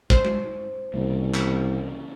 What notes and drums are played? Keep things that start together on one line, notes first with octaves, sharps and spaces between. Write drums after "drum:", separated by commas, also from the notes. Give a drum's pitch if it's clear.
C5, drum: kick
drum: tom G#3
C2 C#3 E3 A#3
drum: clap